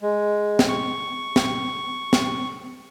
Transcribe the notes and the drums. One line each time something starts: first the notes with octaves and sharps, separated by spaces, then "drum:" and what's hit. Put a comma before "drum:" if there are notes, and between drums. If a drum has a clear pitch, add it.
G#3
drum: snare
C#6
drum: snare
drum: snare